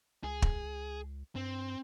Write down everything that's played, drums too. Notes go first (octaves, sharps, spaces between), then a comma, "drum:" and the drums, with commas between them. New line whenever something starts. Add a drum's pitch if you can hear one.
C#2 G#4
drum: kick
G2 C4